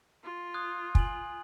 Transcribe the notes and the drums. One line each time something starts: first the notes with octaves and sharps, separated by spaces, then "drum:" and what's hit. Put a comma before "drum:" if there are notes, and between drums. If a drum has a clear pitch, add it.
F4
D#6 F#6 G#6
G#5 F#7, drum: kick